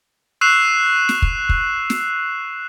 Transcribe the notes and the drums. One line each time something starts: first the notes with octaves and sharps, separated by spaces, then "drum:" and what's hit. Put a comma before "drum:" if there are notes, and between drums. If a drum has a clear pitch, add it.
C#6 E6 F#6 C7 E7 F7
drum: snare
drum: kick
drum: kick
drum: snare